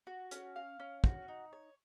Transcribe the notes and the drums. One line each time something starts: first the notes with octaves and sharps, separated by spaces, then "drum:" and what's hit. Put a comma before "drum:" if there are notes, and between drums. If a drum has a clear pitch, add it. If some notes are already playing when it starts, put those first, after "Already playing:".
F#4
C#4, drum: hi-hat
F5
C#4
F#4, drum: kick
D#4
C#5